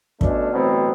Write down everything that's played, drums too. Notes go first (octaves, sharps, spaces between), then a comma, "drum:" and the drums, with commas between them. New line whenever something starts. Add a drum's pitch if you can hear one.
B2 D3 A3 C#4 D4, drum: kick
A1 B2 F#3 C4